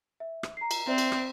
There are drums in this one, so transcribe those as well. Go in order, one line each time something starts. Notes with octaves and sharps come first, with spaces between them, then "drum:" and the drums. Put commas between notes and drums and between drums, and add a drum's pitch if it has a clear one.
E5
drum: rim click
A#5 C7
drum: cymbal
C4 C5 D5 E5
drum: cymbal
drum: rim click